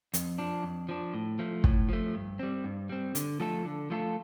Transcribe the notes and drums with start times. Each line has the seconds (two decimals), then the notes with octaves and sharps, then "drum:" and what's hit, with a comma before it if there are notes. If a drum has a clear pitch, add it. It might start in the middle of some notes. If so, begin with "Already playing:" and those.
0.14 F2, drum: hi-hat
0.38 F3 D4
0.63 F2
0.89 F3 D4
1.14 A2
1.39 F3 A3
1.64 A2, drum: kick
1.89 F3 A3
2.14 G2
2.39 G3 C4
2.64 G2
2.89 G3 C4
3.15 D3, drum: hi-hat
3.40 F3 A3 F4 A4
3.65 D3
3.90 F3 A3 F4 A4